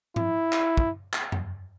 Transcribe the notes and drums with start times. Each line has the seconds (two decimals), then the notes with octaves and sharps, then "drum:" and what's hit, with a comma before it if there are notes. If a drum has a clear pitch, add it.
0.16 E4, drum: tom G#2
0.53 drum: clap
0.77 drum: kick
1.13 drum: clap
1.32 drum: tom F2